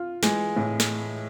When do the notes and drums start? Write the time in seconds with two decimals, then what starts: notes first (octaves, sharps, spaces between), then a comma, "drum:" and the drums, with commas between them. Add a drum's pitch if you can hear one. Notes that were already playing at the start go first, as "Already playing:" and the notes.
Already playing: F4
0.23 E3 G#3, drum: snare
0.56 A2
0.80 drum: snare